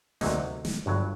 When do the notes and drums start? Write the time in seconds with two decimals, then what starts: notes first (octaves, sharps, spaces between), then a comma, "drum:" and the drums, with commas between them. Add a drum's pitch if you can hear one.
0.21 D2 C3 F#3 A#3 D#4, drum: snare
0.65 drum: snare
0.86 G1 G2 F#3